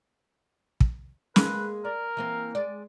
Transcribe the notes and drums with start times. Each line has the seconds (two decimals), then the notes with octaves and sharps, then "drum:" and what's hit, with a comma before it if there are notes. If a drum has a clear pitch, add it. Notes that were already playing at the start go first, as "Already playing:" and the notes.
0.80 drum: kick
1.36 G#3 A#3 B4, drum: snare
1.85 A#4 D5
2.17 E3 A#3 C4
2.55 G#3 D5